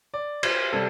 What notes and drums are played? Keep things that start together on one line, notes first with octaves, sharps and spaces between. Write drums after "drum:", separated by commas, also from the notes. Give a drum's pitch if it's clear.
D5
C5, drum: cymbal
C3 G3 A4